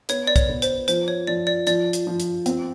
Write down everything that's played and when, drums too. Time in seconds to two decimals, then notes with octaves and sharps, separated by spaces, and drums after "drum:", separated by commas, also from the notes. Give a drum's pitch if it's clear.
0.09 B3 C#5, drum: hi-hat
0.27 D5
0.36 C#5, drum: kick, hi-hat
0.49 B3
0.62 C5, drum: hi-hat
0.88 F3 C5, drum: hi-hat
1.08 C#5
1.27 F3 D5
1.47 D5
1.67 F3 D5, drum: hi-hat
1.93 drum: hi-hat
2.07 F3
2.20 drum: hi-hat
2.46 C4, drum: hi-hat